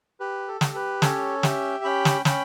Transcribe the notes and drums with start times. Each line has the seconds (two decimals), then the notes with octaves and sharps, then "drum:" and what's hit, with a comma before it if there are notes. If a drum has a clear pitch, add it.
0.20 G4 B4
0.48 A4
0.61 G4, drum: snare
0.75 B4
1.02 C#4 A4 C#5, drum: snare
1.43 G4 E5 G5, drum: snare
1.84 C#4 G5 B5
2.05 drum: snare
2.25 C#4 G5 B5, drum: snare